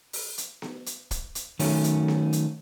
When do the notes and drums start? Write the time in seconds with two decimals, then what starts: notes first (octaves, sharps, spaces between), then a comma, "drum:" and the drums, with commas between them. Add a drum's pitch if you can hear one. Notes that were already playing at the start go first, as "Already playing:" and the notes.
0.13 drum: open hi-hat
0.38 drum: hi-hat
0.62 drum: snare B3
0.86 drum: hi-hat
1.11 drum: kick, hi-hat
1.35 drum: hi-hat
1.59 D#3 F#3 A3 C#4, drum: open hi-hat
1.84 drum: hi-hat
2.08 drum: snare B3
2.33 drum: hi-hat